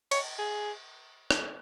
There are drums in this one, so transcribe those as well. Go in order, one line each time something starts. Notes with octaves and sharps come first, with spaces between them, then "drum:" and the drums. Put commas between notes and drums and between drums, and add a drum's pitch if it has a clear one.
C#5, drum: cymbal
G#4
drum: rim click